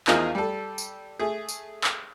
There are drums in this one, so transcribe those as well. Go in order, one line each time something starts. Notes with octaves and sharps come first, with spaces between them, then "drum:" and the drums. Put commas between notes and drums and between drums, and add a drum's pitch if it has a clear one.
E2 F3 D#4 G#4 A#4 F5, drum: clap
G3 A4
drum: tambourine
A3 G#4
drum: tambourine
drum: clap